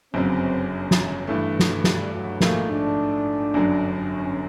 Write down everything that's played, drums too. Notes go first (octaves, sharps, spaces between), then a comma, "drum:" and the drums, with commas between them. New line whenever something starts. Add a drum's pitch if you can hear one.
G1 F#2 C#3 F#3 C4
drum: snare
G2 E3 A3
drum: snare
G3, drum: snare
F#3
A#1 G#2 F3 A3 A#3, drum: snare
D4
G1 F#2 D3 F#3
C#4